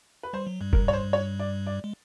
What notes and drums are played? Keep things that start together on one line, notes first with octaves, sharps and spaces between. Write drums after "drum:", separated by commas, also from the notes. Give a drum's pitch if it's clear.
B4
G3 C5
F#3
G2 G3
A#4, drum: kick
C#5
C5
C#5
D5
D5
G#3